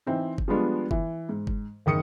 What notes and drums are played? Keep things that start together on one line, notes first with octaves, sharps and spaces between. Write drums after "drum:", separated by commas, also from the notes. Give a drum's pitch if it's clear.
E3 C4 D#4
drum: kick F#1
F3 G3 G#3 B3 D4 F4
E3, drum: kick F#1
G#2
drum: kick F#1
F#1 D#3 D#6 C#7